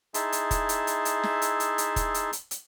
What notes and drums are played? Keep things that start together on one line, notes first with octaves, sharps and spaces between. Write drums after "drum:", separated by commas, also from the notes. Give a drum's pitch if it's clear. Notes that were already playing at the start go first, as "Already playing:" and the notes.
D#4 E4 G#4 E5 A5 C6, drum: hi-hat
drum: hi-hat
drum: kick, hi-hat
drum: hi-hat
drum: hi-hat
drum: hi-hat
drum: snare
drum: hi-hat
drum: hi-hat
drum: hi-hat
drum: kick, hi-hat
drum: hi-hat
drum: hi-hat
drum: hi-hat